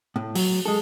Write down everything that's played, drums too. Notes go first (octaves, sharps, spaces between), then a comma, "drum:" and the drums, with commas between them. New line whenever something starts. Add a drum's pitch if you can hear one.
A2
F#3, drum: open hi-hat
G#3 A4